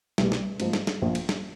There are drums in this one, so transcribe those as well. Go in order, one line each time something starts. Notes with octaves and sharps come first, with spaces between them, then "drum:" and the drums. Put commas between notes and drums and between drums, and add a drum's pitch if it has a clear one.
C2 B2 G3, drum: snare
drum: snare
G#2 F3 A#3, drum: cymbal
drum: snare
drum: snare
A#1 A#2 F3
drum: cymbal
drum: snare